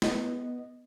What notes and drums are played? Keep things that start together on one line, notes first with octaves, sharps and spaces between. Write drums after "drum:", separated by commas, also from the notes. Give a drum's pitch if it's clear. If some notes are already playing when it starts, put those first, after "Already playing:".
B3 D#5, drum: snare